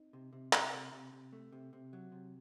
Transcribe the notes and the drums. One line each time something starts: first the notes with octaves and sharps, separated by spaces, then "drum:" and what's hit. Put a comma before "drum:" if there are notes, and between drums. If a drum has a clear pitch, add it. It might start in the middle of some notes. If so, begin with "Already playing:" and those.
Already playing: C4 D#4
C3
C3
C3, drum: clap
C3
C3
C3
A3
C3
C3
F#3
C3